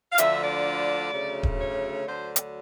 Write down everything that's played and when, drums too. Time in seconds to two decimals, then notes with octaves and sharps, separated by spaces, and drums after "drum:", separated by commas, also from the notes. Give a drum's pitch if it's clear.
0.12 F5
0.18 D2 D3 F3 E5, drum: hi-hat
0.41 D5
1.13 D2 C#3 F#3 A3
1.43 drum: kick D#1
1.60 C#5
2.07 D2 D3 F#3 C5
2.36 drum: hi-hat